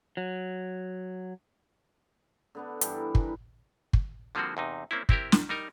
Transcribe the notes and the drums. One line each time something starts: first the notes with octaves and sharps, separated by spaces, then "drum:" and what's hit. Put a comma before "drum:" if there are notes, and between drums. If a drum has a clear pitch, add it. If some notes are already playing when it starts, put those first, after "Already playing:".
F#3
D3 B3 D4
G2 E3 G4 A4, drum: hi-hat
A#4
E3, drum: kick
drum: kick
D3 F3 G3 A#3 C4 F#4
E2 C3 D#4
A#3 C4 C#4 E4
C4 E4 G4 A#4, drum: kick
drum: snare
G3 D#4 A#4